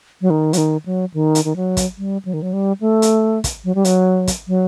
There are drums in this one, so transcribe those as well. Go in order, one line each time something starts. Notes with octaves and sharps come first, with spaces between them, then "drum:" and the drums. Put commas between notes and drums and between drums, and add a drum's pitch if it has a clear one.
F#3
D#3
F#3, drum: hi-hat
D#3
F#3
D#3
drum: hi-hat
D#3
F#3
drum: kick, hi-hat
G3
F#3
D#3
F#3
G3
A3
drum: hi-hat
drum: kick, hi-hat
F#3
G3
F#3, drum: hi-hat
drum: kick, hi-hat
F#3